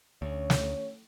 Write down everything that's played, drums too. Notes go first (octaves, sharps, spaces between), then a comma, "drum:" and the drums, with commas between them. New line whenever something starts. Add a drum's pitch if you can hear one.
D2 C#4 C#5
drum: snare